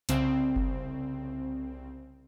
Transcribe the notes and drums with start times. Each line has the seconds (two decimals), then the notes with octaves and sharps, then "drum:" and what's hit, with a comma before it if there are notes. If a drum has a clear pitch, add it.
0.09 C2 C#3 C4, drum: hi-hat
0.56 drum: kick F#1